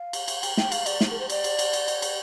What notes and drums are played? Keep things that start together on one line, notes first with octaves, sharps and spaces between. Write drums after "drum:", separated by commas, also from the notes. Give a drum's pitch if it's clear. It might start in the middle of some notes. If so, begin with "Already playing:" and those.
Already playing: F5
drum: cymbal
drum: cymbal
G5, drum: cymbal
G5, drum: snare
F5, drum: cymbal
D5, drum: cymbal
drum: snare
A#4
C5
D5, drum: cymbal
drum: cymbal
drum: cymbal
drum: cymbal
drum: cymbal
drum: cymbal